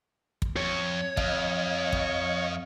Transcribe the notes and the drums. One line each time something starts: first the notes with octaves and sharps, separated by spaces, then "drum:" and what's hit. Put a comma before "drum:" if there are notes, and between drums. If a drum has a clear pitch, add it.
drum: kick
F2 C#5
F2 D#5 F5, drum: kick
drum: kick